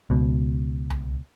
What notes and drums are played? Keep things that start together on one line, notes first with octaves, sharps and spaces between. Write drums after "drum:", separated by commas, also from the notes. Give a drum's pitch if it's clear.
C#2 B2
drum: tom C2